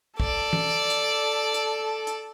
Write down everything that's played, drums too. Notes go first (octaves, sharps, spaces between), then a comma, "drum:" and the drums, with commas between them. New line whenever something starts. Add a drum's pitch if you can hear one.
A4 D5, drum: kick
drum: tom E3
drum: hi-hat
drum: hi-hat
drum: hi-hat